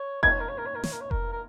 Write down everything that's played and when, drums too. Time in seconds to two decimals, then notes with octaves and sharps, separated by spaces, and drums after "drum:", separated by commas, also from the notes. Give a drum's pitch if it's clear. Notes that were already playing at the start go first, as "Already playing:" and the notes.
Already playing: C#5
0.23 A#4 G#6, drum: kick F1
0.31 C#5
0.40 A#4
0.49 C#5
0.58 A#4
0.66 C#5
0.75 A#4
0.84 C#5, drum: snare
0.92 A#4
1.01 C#5
1.11 A#4, drum: kick F1
1.32 A#4